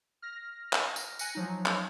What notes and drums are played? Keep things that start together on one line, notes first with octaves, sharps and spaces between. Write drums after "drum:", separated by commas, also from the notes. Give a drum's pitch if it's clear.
F6 A#6
drum: clap
drum: tambourine
G#5 F#6 A#6 C#7, drum: tambourine
F3 F#3 D#4
drum: clap